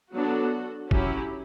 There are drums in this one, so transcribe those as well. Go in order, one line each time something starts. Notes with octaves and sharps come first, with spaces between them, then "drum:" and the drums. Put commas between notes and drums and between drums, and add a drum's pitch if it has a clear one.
F#3 B3 D4 F#4 A4
F#3 C#4 E4 G4, drum: kick